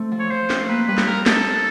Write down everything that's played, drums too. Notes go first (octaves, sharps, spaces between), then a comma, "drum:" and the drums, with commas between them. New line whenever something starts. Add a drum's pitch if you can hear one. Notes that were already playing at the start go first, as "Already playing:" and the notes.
Already playing: A3 C4
F3
C#5
F3 C5
C4, drum: snare
A#3 B4
G3 B4
drum: snare
G3 A#4
D#4 A4, drum: snare
A#3